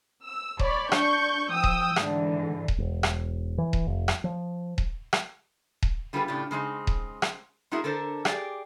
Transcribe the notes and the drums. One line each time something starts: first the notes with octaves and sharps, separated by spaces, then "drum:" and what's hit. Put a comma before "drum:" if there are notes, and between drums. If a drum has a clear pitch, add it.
E6
C#5 D5 B5, drum: kick D#1
D4 C#6 G6, drum: rim click
F3 G5 D#6 E6
drum: kick D#1
G#2 D3 E3, drum: rim click
drum: kick D#1
E1
drum: rim click
E3
drum: kick D#1
F1
drum: rim click
F3
drum: kick D#1
drum: rim click
drum: kick D#1
D3 G3 B3 F4 G#4 B4
A2 C#3 D4 F4 G4
C#3 G#3 C4 D#4
drum: kick D#1
drum: rim click
G#3 D#4 E4 F#4 G#4 A#4
D3 A4 A#4 C5
G4 G#4 D5, drum: rim click